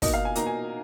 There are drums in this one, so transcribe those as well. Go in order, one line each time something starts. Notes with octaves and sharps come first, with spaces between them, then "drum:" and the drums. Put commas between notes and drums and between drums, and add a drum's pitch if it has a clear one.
B2 A#3 D#4 D#5, drum: kick, open hi-hat
F5
G#5
B2 A#3 D#4 A#5, drum: hi-hat
G#5